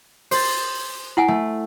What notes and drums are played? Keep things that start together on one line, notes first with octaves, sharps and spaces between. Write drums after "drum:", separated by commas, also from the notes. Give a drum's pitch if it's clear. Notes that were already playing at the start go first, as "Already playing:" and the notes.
C5 A6, drum: open hi-hat
E4 F#5 G#5
A3